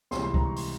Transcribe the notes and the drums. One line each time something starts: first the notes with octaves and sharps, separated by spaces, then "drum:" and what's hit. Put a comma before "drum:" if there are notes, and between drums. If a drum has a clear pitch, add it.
C#2 C3 E3 G3 C6, drum: snare
C6
A#5, drum: kick
C#6
C6, drum: open hi-hat